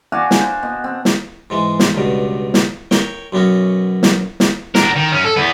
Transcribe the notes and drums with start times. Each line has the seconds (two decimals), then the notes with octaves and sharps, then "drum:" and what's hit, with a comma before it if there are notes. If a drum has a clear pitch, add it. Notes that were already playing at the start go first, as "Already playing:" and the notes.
0.12 D4 F#4 F5 G#5
0.31 drum: snare
0.41 C5
0.63 B2
0.84 C4
1.05 drum: snare
1.50 G#2 E3 G#3
1.80 drum: snare
1.94 C#2 G2 B2
2.54 drum: snare
2.91 A#4 C#5 G5, drum: snare
3.33 B1 F#2 B3 C#4 F#4
4.03 drum: snare
4.40 drum: snare
4.75 D4 A#4, drum: snare
4.96 D#3
5.12 F#2 C#4
5.24 A4
5.37 E2 B3